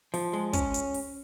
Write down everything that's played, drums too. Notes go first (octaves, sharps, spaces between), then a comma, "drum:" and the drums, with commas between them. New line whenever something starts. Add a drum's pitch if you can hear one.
F3, drum: open hi-hat
G#3
C#4, drum: kick, hi-hat
drum: hi-hat
drum: open hi-hat